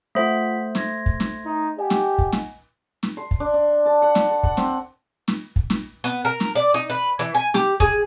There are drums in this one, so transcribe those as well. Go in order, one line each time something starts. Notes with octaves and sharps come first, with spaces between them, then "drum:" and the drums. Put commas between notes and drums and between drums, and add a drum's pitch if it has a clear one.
A3 F4 C5 F#5 B6
C6 G#6 A#6, drum: snare
drum: kick
drum: snare
D#4
G4 D#5 F#5 G#5
drum: snare
drum: kick
drum: snare
drum: snare
C6
drum: kick
D4
D4
A5
F#5
drum: snare
A4
F#5, drum: kick
C4, drum: snare
drum: snare
drum: kick
drum: snare
B3
A#4
drum: snare
D5
D#4
B4
E3
G#5
G4, drum: snare
G#4, drum: kick